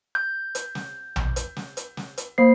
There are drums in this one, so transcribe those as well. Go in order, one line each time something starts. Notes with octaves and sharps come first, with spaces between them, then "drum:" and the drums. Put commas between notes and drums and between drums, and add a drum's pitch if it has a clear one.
G6
drum: hi-hat
drum: snare
drum: tom A#1
drum: hi-hat
drum: snare
drum: hi-hat
drum: snare
drum: hi-hat
A#3 C5 C7